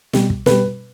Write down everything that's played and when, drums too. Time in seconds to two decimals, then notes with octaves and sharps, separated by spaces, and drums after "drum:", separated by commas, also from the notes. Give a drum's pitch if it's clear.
0.13 B2 G3, drum: snare
0.30 drum: kick
0.46 B2 G3 B4, drum: snare